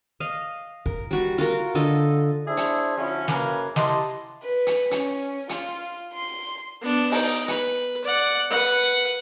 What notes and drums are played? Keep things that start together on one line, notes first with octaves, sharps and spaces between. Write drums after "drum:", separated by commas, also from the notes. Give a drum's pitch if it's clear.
D#5 F5
A#4, drum: kick
G3 F#4
F4 F#4 A#4
D3 F4 A4 D#5
D4 E4 G#4 C5 E5
drum: hi-hat
D3 F3 C#4 E4 F#4 A4
F#2 C#3 A#3 A#4 B4 G#5, drum: snare
E4 G4 D#5 A5 C6, drum: snare
B4
drum: hi-hat
C#4, drum: hi-hat
F4, drum: hi-hat
C6
B3 D4
D#4, drum: open hi-hat
B4, drum: hi-hat
D5 F#5
B4 F#5